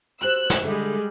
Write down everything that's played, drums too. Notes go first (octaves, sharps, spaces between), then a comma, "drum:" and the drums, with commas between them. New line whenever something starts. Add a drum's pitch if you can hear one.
F#4 G4 C5 E6 F#6
drum: snare
D3 G3 G#3 A4 E5